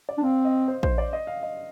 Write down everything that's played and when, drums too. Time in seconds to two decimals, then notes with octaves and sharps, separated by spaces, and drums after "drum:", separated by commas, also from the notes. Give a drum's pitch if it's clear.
0.09 D5
0.18 D4
0.23 C4 F5
0.45 D#5
0.68 C5
0.83 C5, drum: kick
0.98 D5
1.13 D#5
1.27 F5
1.43 D#5